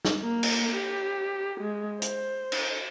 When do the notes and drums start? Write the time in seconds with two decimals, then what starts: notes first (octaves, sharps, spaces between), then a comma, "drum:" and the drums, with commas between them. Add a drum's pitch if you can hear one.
0.05 drum: snare
0.22 A#3
0.43 drum: cymbal
0.72 G4
1.60 G#3
2.02 C5, drum: hi-hat
2.52 drum: cymbal